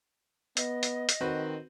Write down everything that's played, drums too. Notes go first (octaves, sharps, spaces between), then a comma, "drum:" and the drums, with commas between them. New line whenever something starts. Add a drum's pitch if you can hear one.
B3 D#5, drum: hi-hat
drum: hi-hat
drum: hi-hat
D#3 C4 F#4 B4